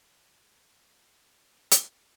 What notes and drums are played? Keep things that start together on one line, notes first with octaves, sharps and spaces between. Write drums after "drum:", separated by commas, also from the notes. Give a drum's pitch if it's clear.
E2 C#3 F#3 A3
drum: hi-hat